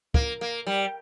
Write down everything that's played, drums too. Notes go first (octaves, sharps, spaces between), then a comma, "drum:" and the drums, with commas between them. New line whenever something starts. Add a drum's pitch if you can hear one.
A#3, drum: kick
A#3
G3